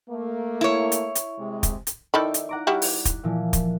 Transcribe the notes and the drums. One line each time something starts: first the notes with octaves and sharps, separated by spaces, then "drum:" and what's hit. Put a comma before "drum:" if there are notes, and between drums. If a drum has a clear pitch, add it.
A3 A#3
E4 C#5
drum: hi-hat
drum: hi-hat
C3 G#3
drum: kick, hi-hat
drum: hi-hat
D#3 D#4 E4 A4 D5 B5
drum: hi-hat
F#5 A#5 D6
G3 E4 F#4
drum: open hi-hat
drum: kick, hi-hat
A#2 E3 F3
drum: kick, hi-hat